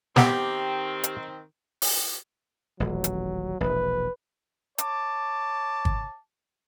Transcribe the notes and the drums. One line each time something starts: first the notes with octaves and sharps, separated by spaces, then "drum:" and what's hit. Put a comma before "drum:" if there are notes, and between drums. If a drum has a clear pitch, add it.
D#3 B3 C4 G4, drum: snare
drum: hi-hat
drum: open hi-hat
D#1 A1 F#3
drum: hi-hat
E1 A#1 B4
C#5 A5 D6, drum: hi-hat
drum: kick